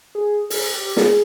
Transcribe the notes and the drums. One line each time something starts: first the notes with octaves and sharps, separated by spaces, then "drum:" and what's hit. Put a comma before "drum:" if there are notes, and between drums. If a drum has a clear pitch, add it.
G#4
G#4, drum: open hi-hat
G4
G#4, drum: snare